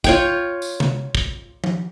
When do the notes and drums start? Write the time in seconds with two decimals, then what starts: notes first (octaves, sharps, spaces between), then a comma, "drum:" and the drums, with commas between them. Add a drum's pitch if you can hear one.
0.04 F4 C#5 G5, drum: kick
0.62 drum: tambourine
0.80 drum: tom C3
1.15 drum: kick
1.64 drum: tom F3